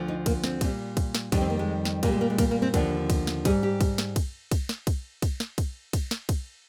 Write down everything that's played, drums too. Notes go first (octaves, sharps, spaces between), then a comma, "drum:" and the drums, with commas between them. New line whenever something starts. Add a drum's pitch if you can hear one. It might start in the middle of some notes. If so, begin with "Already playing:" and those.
Already playing: D2 D3 F3
D#4
A#3, drum: kick, cymbal
C4, drum: snare
A#2 G3, drum: kick, cymbal
drum: kick, cymbal
drum: snare
F2 D#3 G3 D4, drum: kick, cymbal
C4
A#3
G#3
drum: snare
A#2 G3 A#3, drum: kick, cymbal
G#3
A#3
G#3
A#3, drum: kick, cymbal
A#3
C4
D#2 D3 F3 D4, drum: kick, cymbal
drum: kick, cymbal
drum: snare
G#2 G3 G#4, drum: kick, cymbal
G4
drum: kick, cymbal
drum: snare
drum: kick, cymbal
drum: kick, cymbal
drum: snare
drum: kick, cymbal
drum: kick, cymbal
drum: snare
drum: kick, cymbal
drum: kick, cymbal
drum: snare
drum: kick, cymbal